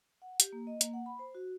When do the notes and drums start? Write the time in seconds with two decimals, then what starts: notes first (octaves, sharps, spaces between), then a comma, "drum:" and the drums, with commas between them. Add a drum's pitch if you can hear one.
0.22 F#5
0.40 G4, drum: hi-hat
0.52 A#3
0.67 D#5
0.81 A#3, drum: hi-hat
0.93 F#5
1.06 B5
1.19 C5
1.35 F#4